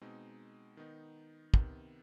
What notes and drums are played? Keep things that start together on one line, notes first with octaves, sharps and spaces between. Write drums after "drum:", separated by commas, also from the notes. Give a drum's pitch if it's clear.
B2 G#3 C4 D#4
D#3 B3 D#4
C3 D#3 B3, drum: kick